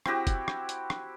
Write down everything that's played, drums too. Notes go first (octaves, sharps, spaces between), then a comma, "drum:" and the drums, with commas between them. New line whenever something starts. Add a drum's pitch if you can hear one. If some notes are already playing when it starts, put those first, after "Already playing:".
C4 E4 F#4 G4, drum: rim click
drum: kick, hi-hat
drum: rim click
drum: hi-hat
drum: rim click